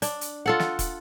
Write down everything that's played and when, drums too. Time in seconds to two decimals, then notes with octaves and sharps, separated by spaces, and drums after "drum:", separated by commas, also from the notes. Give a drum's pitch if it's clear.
0.02 D4, drum: hi-hat
0.21 drum: hi-hat
0.46 F4 A4 F#5
0.60 drum: snare
0.79 drum: kick, hi-hat